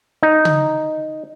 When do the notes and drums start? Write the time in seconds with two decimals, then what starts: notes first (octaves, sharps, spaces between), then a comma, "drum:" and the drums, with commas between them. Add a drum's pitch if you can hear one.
0.23 D#4
0.45 drum: tom